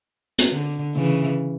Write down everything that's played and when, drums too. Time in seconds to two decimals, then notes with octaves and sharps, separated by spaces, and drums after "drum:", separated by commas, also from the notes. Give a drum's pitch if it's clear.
0.38 drum: hi-hat
0.51 D3
0.95 C#3 E3